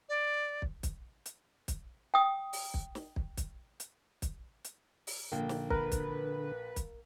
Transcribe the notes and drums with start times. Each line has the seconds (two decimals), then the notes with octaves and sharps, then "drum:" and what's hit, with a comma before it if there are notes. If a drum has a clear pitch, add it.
0.09 D5
0.62 drum: kick
0.83 drum: kick, hi-hat
1.26 drum: hi-hat
1.68 drum: kick, hi-hat
2.14 G5 D#6
2.53 drum: open hi-hat
2.74 drum: kick
2.95 drum: snare
3.16 drum: kick
3.37 drum: kick, hi-hat
3.80 drum: hi-hat
4.22 drum: kick, hi-hat
4.65 drum: hi-hat
5.07 drum: open hi-hat
5.32 A#1 D3 A#3 G5
5.49 drum: snare
5.70 A#4 B4, drum: kick
5.92 drum: kick, hi-hat
6.76 drum: kick, hi-hat